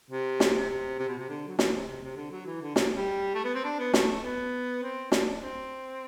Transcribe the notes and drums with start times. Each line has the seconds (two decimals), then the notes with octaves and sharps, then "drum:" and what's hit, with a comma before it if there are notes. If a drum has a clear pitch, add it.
0.11 C3
0.40 drum: snare
0.70 C3
0.99 C3
1.08 B2
1.18 C3
1.29 D3
1.48 F#3
1.59 E3, drum: snare
1.73 C3
1.88 C3
2.03 C3
2.17 D3
2.31 F#3
2.46 E3
2.61 D3
2.76 C3, drum: snare
2.95 G3
3.35 A3
3.44 B3
3.55 C4
3.64 D4
3.79 B3
3.94 A3, drum: snare
4.24 B3
4.82 C4
5.12 D4, drum: snare
5.41 C4